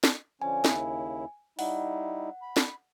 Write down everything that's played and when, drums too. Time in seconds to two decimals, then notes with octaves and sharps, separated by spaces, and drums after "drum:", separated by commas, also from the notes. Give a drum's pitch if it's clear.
0.04 drum: snare
0.42 D3 F3 C#4 G#5
0.65 D#2 C#3 E4, drum: snare
1.59 G3 D#4 E4 F#5, drum: open hi-hat
2.42 B5
2.57 drum: snare